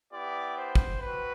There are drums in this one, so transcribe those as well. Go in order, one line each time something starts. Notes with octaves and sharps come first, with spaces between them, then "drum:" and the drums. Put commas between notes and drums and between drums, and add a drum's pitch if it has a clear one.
B3 E4 G4 D5
C5
drum: kick
C4 F#4 B4